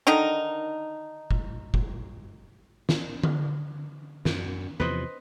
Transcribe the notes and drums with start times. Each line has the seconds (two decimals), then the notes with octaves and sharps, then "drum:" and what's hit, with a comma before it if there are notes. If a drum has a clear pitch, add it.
0.07 D3 D#3 D#4 A#4
1.31 drum: kick
1.74 drum: kick
2.89 drum: snare
3.24 drum: tom D3
4.25 F#2, drum: snare
4.80 E2 C3 F3 B4 C5 D#5